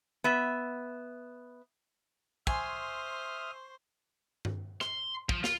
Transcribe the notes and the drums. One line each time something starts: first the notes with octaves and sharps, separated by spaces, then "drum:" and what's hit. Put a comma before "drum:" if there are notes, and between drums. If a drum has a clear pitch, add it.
B3 E5
C5 E5 G#5 C6 C#6 D#6 F6 C7, drum: kick
drum: tom G2
C6, drum: rim click
F3, drum: kick
F4, drum: snare